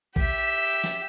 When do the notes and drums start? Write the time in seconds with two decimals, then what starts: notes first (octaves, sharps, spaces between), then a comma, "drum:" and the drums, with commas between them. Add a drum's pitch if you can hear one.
0.16 G4 E5, drum: kick A#1
0.84 drum: snare